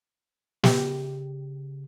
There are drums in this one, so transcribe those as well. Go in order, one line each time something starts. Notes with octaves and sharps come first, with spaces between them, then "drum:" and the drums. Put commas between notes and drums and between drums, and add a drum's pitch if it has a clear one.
C#3 G4, drum: snare